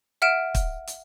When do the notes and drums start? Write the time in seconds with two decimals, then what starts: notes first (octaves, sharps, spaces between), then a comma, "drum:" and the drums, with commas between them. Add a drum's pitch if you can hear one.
0.22 E5 F#5 F6 D7 E7
0.55 drum: kick, hi-hat
0.87 drum: hi-hat